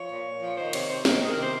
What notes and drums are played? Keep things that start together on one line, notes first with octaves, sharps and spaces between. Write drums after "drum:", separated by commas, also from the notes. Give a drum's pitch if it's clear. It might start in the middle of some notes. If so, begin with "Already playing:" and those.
Already playing: F3 C#5
A#2
A#2
F3
D#3 C5
C3 C#5, drum: cymbal
C3 C5
D#3 A#4, drum: snare
D#3 G#4
A#4
C3
C5